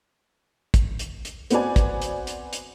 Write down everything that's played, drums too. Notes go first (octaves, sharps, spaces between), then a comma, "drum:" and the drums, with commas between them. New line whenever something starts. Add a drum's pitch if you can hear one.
drum: kick, hi-hat
drum: hi-hat
drum: hi-hat
B3 C4 F#4 B4 D5 G#5, drum: hi-hat
drum: kick, hi-hat
drum: hi-hat
drum: hi-hat
drum: hi-hat